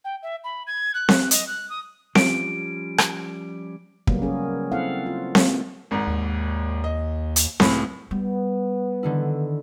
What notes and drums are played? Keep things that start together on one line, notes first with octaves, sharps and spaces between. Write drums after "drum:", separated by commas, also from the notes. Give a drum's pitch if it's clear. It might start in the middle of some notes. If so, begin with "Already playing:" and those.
G5
E5
B5
G#6
F#6
drum: snare C4
D#5, drum: hi-hat
F#6
D#6
F3 G3 C#4 D7, drum: snare C4
drum: rim click
C#3 F#3 G3 A#3 B3, drum: kick
C#4 G#4 A#4
C4 E4 A4 F5 F#5
F4
G#3 A#3, drum: snare C4
G#1 G#2
D#2
D#5
drum: hi-hat
C#2 A2, drum: snare C4
G3 B3
D3 D#3 E4